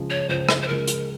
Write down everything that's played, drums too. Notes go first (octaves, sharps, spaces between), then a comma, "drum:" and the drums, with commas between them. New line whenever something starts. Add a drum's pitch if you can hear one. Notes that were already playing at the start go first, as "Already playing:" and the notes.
Already playing: C#2 C#3 F3 G#3
C#5
C#2 C5
drum: rim click
C5
C#3 F3 G#3 A#4
drum: hi-hat